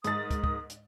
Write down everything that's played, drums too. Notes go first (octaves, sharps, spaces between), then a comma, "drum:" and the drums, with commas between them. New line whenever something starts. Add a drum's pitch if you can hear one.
G#2 A#4 D#6 A6, drum: hi-hat
drum: kick, hi-hat
drum: kick
drum: hi-hat